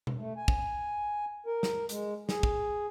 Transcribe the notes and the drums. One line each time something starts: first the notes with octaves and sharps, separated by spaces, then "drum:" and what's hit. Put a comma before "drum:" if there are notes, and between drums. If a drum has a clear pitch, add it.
drum: tom B2
A3
G#5
drum: kick
A#4
drum: snare
G#3, drum: hi-hat
G#4, drum: snare
drum: kick